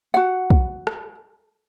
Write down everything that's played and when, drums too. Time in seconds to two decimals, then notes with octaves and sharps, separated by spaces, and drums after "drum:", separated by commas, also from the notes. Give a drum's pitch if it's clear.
0.14 F#4 F#5
0.50 drum: kick
0.87 drum: rim click